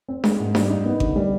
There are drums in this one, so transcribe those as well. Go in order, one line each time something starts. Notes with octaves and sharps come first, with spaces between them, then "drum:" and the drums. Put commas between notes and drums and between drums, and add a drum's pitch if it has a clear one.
C4
G#3, drum: snare D4
G#2
G3, drum: snare D4
D#4
B3
D3, drum: kick G#1
G3